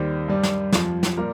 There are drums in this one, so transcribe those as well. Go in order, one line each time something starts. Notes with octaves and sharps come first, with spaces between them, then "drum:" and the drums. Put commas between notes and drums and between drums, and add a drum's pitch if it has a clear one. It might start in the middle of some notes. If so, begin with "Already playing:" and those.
Already playing: D#2 D#3 G3 G4 C5
G2 G3
drum: snare
F2 F3, drum: snare
drum: snare
A#2 G3 A#4